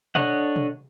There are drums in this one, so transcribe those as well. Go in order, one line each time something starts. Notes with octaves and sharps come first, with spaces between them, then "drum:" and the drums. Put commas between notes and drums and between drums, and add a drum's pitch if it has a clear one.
D4 A4 C#5 D#5 F#5, drum: tom B2
drum: tom B2